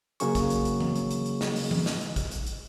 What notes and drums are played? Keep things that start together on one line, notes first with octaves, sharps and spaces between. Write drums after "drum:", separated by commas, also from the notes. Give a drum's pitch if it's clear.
C#3 F#3 A#3 C#4 G#4 C#6, drum: hi-hat
drum: kick, hi-hat
drum: hi-hat
drum: hi-hat
drum: tom E3
drum: hi-hat
drum: hi-hat
drum: hi-hat
drum: snare
drum: open hi-hat
drum: tom E3
drum: snare
drum: hi-hat
drum: kick, hi-hat
drum: hi-hat
drum: hi-hat